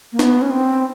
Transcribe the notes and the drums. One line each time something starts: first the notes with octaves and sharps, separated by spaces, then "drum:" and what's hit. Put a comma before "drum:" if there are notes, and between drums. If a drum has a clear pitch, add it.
A#3
B3, drum: snare
C#4
C4